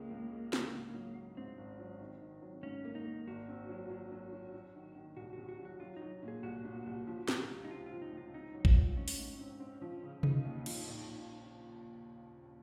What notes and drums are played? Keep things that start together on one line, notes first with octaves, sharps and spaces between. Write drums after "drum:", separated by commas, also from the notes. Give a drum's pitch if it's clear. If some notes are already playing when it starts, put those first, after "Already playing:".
Already playing: C#2 C#3 G#3 A#3
C#2
G#3
C#3, drum: snare
G#2
F#3
F#3
G#2 C4
G#1
F#3
D#3
D#3
F#3
G#2 C#4
A#3
D#4
A#3
G#1 F#4
C4
F#3
F#3
F#3
F#3
F#3
D#3
D#3
C2 F#4
C3 F#4
F#4
F#3
F#4
F#3 F4
D#4
F#3
A#2
G#4
C2 F#4
A#2
C2
F3
C3, drum: snare
C#2
D#4
C4 F4
F4
F3
D#4
C#2
F4
C4 D#4
F#3
F4, drum: kick A1
G#2
G#2 C#4
drum: open hi-hat
G#2
C4
C4
F3
C#3
C#3 D#4, drum: tom C3
D#2
F3, drum: cymbal
A#1
A#1